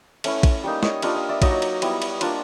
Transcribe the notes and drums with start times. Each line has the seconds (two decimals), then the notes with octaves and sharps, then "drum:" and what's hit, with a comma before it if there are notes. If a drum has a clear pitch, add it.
0.24 A3 C#4 E4, drum: cymbal
0.43 drum: kick, cymbal
0.63 G3 A#3 D#4
0.83 C#5 D#5, drum: snare
1.02 G3 A#3 D4 F4 D#5 F5, drum: cymbal
1.15 D#5 F5
1.29 D5 E5
1.42 F#3 A#3 D#4 C#5 D#5, drum: kick, cymbal
1.62 drum: cymbal
1.82 G3 B3 E4, drum: cymbal
2.02 drum: cymbal
2.21 A#3 D4 F4, drum: cymbal